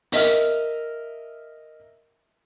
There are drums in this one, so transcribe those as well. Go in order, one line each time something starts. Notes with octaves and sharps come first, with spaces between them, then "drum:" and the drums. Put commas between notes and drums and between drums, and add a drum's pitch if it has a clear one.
A#4 D#5 E5 F6, drum: open hi-hat